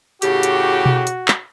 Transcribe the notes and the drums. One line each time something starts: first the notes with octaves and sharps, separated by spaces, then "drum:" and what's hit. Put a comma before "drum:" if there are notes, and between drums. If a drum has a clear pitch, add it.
A2 C#3 F#4 G4, drum: hi-hat
drum: hi-hat
drum: tom B2
drum: hi-hat
drum: clap